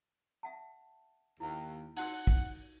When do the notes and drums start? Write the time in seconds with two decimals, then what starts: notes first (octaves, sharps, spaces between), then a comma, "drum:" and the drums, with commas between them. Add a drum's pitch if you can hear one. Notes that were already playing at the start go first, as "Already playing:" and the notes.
0.43 E5 F#5 A5
1.40 D#2 E4
1.97 D#4 F#4 F#5 E6, drum: open hi-hat
2.27 drum: kick